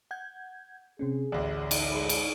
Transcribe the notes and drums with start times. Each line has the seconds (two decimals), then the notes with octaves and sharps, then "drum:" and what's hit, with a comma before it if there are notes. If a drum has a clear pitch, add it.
0.11 F#5 G6 G#6
0.99 C3 C4 C#4 G#4
1.32 A1 D2 D5 F#5
1.71 drum: cymbal
1.92 G#2 B5
2.09 drum: cymbal